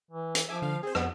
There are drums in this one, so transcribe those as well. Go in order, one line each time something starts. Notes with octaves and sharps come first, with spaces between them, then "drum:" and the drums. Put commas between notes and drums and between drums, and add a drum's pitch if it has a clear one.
E3
drum: hi-hat
F3 E5 G#5 D6
D3 F5
C4 G#4 C5
F2 B3, drum: rim click